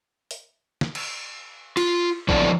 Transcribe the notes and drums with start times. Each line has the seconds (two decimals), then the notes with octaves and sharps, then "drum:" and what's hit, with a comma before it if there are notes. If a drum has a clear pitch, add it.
0.31 drum: open hi-hat
0.81 drum: snare
0.95 drum: cymbal
1.77 F4, drum: cymbal
2.29 D3 F3 E4 A4 C5 D5, drum: kick